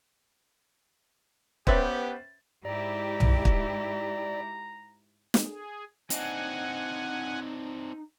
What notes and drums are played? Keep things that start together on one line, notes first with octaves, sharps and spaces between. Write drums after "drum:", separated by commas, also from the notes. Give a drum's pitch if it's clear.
B3 C#4 G4 B4 C5 E5 G5 A6, drum: kick
G#2 E4 G4 D5 A#5
drum: tom B1
drum: kick
drum: snare
G#4
C4 D4 D#4 F#5 G#5, drum: hi-hat